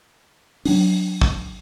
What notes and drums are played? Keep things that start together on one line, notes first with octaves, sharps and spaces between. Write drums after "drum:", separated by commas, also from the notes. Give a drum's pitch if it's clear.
F#3 D4, drum: open hi-hat
drum: kick